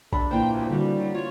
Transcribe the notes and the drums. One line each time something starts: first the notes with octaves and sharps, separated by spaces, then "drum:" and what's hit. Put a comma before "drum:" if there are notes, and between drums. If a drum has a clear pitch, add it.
C3 D4 A4 B5, drum: kick A#1
A#2 E3 A#3 C5 G5
D2
D3 G3 F#4
F#3
F4 C#5